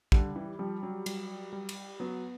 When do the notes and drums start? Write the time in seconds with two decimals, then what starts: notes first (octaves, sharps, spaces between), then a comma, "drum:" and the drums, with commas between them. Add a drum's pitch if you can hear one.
0.12 D3 G3, drum: kick
0.36 E3
0.59 F3 G3
0.83 F#3
1.06 G3, drum: cymbal
1.53 G3
1.69 drum: cymbal
2.00 F#3 B3